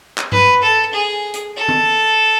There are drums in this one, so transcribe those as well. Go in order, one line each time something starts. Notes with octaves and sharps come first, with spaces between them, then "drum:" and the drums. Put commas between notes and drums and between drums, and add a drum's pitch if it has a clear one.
drum: clap
B4, drum: tom G2
A4
G#4
drum: hi-hat
A4
drum: tom D#3